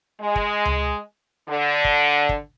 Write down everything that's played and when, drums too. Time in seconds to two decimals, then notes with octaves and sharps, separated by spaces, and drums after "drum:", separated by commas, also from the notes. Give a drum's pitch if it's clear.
0.21 G#3
0.36 drum: kick
0.65 drum: tom C#2
1.48 D3
1.85 drum: kick
2.29 drum: kick